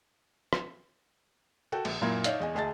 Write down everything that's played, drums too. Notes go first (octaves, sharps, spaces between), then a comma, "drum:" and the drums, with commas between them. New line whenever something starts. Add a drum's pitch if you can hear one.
drum: rim click
F#4 A4 G5
A#1, drum: cymbal
F#2 A#2 A#3 E4 A#5 G#6
D#4 C#5 D5 E5 F5, drum: hi-hat
E2 D#5 G#5
D2 G#4 D#5 A5 A6